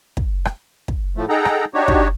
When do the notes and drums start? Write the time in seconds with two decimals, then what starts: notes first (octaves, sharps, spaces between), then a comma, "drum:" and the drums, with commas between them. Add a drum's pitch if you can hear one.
0.17 drum: kick
0.45 drum: rim click
0.88 drum: kick
1.17 A2 F3 A3
1.29 D#4 G#4 A4 F#5 G5 A#5
1.45 drum: rim click
1.74 D4 D#4 F#4 G4 C#5
1.88 drum: kick